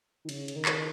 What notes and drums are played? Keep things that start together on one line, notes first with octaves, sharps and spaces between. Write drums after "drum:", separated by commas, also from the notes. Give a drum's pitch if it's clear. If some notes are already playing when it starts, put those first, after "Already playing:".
D#3
C#3, drum: cymbal
C#3, drum: cymbal
D#3
drum: clap